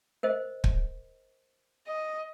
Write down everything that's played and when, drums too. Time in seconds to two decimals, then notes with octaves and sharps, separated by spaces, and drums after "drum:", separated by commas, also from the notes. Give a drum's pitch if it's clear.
0.23 A#4 C5 D#5
0.64 drum: kick
1.87 D#5